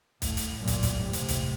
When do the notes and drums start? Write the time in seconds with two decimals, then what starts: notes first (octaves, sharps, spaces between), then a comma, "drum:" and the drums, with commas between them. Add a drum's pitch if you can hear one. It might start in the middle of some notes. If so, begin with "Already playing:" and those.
0.22 A2, drum: kick, hi-hat
0.37 drum: hi-hat
0.58 F#2 A#2
0.68 drum: kick, hi-hat
0.83 drum: kick, hi-hat
0.93 A2 C3
1.13 drum: hi-hat
1.29 drum: kick, hi-hat